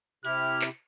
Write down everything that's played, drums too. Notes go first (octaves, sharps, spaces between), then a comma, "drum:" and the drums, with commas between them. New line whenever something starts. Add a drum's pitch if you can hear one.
C3 E4 G4 F6, drum: hi-hat
drum: clap